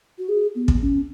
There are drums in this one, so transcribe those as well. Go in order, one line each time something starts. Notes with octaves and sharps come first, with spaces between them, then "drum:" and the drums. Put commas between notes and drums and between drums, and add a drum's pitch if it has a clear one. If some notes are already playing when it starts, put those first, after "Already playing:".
F#4
G#4
B3
drum: kick
C#4